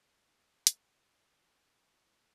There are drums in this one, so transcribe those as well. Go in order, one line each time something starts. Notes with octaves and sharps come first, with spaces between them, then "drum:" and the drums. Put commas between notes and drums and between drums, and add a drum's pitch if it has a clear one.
D#1 E2 G#2 C#3
drum: hi-hat
F#1 C#4
G2 B2 A#3 E4